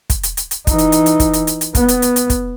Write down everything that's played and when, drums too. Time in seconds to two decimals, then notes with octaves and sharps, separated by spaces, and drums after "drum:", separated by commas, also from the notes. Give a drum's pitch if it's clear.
0.10 drum: kick, hi-hat
0.23 drum: hi-hat
0.37 drum: hi-hat
0.51 drum: hi-hat
0.67 E3 D#4, drum: kick, hi-hat
0.78 drum: hi-hat
0.92 drum: hi-hat
1.06 drum: hi-hat
1.20 drum: kick, hi-hat
1.33 drum: hi-hat
1.47 drum: hi-hat
1.61 drum: hi-hat
1.75 B3, drum: kick, hi-hat
1.88 drum: hi-hat
2.02 drum: hi-hat
2.16 drum: hi-hat
2.30 drum: kick, hi-hat